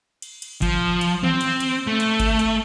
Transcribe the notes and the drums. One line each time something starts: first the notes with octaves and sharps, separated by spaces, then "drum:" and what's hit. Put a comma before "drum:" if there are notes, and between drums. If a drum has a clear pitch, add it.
drum: cymbal
drum: cymbal
F3, drum: kick G1, cymbal
drum: cymbal
C4, drum: tom D#3
drum: cymbal
drum: cymbal
A3
drum: cymbal
drum: kick G1, cymbal
drum: cymbal